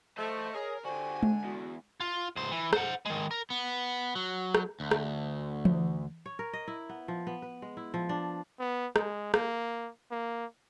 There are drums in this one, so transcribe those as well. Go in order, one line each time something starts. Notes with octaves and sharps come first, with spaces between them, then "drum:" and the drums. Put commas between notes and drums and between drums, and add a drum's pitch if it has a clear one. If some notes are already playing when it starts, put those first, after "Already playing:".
A3 C5 D#5 A5
G#4 A#4 C#5 A#5
D3 F#4 G4 C5 G#5
drum: tom G#3
E2 F#4
F4
C#2 C5
E3
C5 F#5, drum: rim click
D#3 G#3
A#4
B3
F#3
drum: rim click
D2
drum: rim click
drum: tom E3
C#5
A#4
D#5
E4
B3
F3
B3
B4
G#3
E4
F3
D4
B3
G#3, drum: rim click
A#3, drum: rim click
A#3